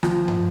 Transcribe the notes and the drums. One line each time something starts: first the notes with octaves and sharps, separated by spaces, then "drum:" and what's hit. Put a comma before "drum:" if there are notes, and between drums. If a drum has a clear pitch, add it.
F3, drum: rim click
drum: tom